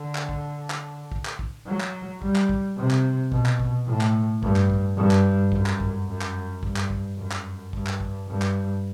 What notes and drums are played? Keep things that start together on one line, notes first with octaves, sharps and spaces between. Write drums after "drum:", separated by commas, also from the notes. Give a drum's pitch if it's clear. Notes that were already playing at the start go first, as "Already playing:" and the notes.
Already playing: D3
drum: clap
drum: kick
drum: clap
drum: kick
drum: clap
drum: kick
F#3
drum: clap
G3, drum: kick
drum: clap
drum: kick
C3
drum: clap
B2, drum: kick
drum: clap
drum: kick
A2
drum: clap
G2, drum: kick
drum: clap
drum: kick
G2
drum: clap
F#2, drum: kick
drum: clap
drum: kick
F#2
drum: clap
G2, drum: kick
drum: clap
drum: kick
F#2
drum: clap
G2, drum: kick
drum: clap
drum: kick
G2
drum: clap